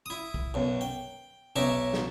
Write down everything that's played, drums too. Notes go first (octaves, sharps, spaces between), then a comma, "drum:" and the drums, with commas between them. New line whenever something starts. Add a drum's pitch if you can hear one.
E4 D#6
drum: kick
B1 F#2
G5
B1 C#4 D#4 E5 D6
drum: snare